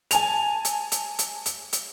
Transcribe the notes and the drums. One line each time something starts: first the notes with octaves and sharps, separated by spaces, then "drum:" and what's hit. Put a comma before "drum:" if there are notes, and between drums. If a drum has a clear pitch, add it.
G#5 A5 F7, drum: hi-hat
drum: hi-hat
drum: hi-hat
drum: hi-hat
drum: hi-hat
drum: hi-hat